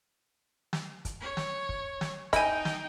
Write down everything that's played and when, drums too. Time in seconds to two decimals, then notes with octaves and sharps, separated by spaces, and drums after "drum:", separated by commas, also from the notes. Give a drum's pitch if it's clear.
0.73 drum: snare
1.05 drum: kick, hi-hat
1.21 C#5
1.37 drum: snare
1.69 drum: kick
2.01 drum: snare
2.33 D#4 E4 D#5 G5 G#5, drum: kick, hi-hat
2.65 drum: snare